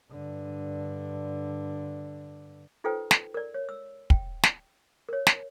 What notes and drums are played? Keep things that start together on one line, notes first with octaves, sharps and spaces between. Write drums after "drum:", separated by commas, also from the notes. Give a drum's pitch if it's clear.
G2 D3
D#4 F4 A4 B4 C5 G5
drum: snare
A#4 D5
C#5
E6
G5, drum: kick
drum: snare
A#4 C#5
drum: snare